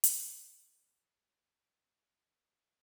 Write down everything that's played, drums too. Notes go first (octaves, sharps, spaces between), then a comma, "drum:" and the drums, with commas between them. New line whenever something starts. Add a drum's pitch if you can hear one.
F4 C#5, drum: hi-hat